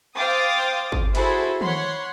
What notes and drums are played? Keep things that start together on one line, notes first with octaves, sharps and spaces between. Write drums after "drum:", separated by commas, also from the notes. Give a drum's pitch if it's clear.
C5 F5 G5 D6 D#6 A6
drum: kick G1
E4 F#4 G#4 A4 C5 E5, drum: cymbal
C#5 F#5 B5 C6, drum: tom D#3